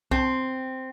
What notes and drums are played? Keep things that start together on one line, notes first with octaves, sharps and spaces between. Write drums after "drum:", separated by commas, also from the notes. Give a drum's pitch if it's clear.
C4, drum: kick B1